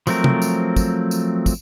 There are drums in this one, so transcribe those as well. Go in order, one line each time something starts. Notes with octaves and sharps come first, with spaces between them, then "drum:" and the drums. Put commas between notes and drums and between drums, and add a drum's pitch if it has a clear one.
F3 F#3 A3 C4 A#4, drum: tambourine
drum: tom C3
drum: tambourine
drum: kick, tambourine
drum: tambourine
drum: kick, tambourine